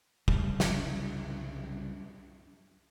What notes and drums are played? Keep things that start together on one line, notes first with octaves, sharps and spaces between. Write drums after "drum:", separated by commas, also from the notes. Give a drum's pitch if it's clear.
C2 C#3 G3, drum: kick
drum: snare